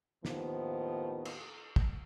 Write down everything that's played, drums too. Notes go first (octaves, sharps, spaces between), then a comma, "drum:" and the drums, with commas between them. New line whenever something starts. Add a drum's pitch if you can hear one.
D#2 A2 D#3 F3 B3, drum: snare
drum: cymbal
drum: kick